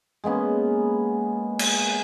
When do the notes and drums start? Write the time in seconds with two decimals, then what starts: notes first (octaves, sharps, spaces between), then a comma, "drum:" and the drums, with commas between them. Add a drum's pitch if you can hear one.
0.24 G#3 A#3 B3 C#4
1.59 drum: cymbal